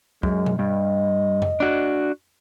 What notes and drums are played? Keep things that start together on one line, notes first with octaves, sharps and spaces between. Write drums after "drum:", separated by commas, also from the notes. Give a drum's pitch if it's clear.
F#2 G#3, drum: kick
drum: tom B2
G2 D#5
drum: tom F2
D4 F#4